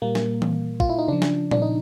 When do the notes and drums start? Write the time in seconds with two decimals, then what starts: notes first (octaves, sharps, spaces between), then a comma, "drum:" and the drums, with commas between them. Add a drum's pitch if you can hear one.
0.02 A#2 G3 A#3
0.15 drum: snare
0.42 drum: tom E3
0.80 F4, drum: kick
0.89 E4
0.99 D#4
1.08 C#3 F3 D4
1.22 drum: snare
1.51 D4, drum: tom A#2
1.62 D#4